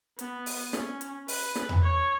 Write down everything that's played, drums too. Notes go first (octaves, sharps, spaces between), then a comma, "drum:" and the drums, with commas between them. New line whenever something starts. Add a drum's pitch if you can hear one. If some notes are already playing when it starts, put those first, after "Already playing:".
B3, drum: hi-hat
drum: open hi-hat
C#4, drum: snare
drum: hi-hat
B4, drum: open hi-hat
drum: snare
drum: tom E2
C#5